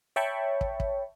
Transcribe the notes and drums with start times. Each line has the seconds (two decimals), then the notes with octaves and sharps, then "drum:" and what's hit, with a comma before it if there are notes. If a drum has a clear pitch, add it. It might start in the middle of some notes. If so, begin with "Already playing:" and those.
0.16 C#5 E5 G5 A5 B5 C#6
0.61 drum: kick
0.80 drum: kick